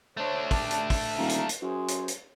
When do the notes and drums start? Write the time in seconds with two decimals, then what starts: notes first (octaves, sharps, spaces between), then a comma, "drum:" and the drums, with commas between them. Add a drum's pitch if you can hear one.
0.17 A3 D4 C5 C#5
0.51 G4 D5 A5, drum: kick, open hi-hat
0.71 drum: hi-hat
0.90 drum: kick, open hi-hat
1.18 D#1 F5 A#5
1.29 drum: hi-hat
1.49 drum: hi-hat
1.62 F#2 G#4 C5
1.88 drum: hi-hat
2.08 drum: hi-hat